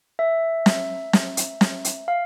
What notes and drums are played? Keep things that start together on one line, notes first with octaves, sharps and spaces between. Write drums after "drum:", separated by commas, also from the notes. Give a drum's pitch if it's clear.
E5
drum: snare
drum: snare
drum: hi-hat
drum: snare
drum: hi-hat
F5